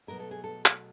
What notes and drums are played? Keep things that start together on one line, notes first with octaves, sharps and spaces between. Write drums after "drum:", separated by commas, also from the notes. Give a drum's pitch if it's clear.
B2 F#3 A3 A#4
A4
G#4
A4
drum: clap